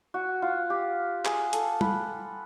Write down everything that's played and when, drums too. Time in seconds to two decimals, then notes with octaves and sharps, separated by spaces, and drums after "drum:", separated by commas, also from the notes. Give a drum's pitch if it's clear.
0.14 F#4
0.42 F4
0.70 G4
1.25 G#4, drum: clap
1.53 A4, drum: hi-hat
1.81 B4, drum: tom G3